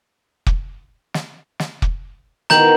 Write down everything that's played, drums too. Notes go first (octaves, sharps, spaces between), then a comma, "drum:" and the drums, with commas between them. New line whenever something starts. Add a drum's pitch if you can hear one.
drum: kick
drum: snare
drum: snare
drum: kick
B2 D#3 A#5 G6 F#7, drum: snare